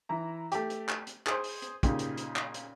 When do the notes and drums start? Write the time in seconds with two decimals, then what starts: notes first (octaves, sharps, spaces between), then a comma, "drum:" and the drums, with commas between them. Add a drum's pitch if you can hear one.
0.09 E3 E4 A#5
0.52 A3 G4, drum: hi-hat
0.70 drum: hi-hat
0.89 drum: clap
1.07 drum: hi-hat
1.27 G#4 C5, drum: clap
1.44 drum: open hi-hat
1.62 drum: hi-hat
1.83 A#2 C#3 D#4 G4 G#4, drum: kick, hi-hat
1.99 drum: hi-hat
2.17 drum: hi-hat
2.36 drum: clap
2.54 drum: hi-hat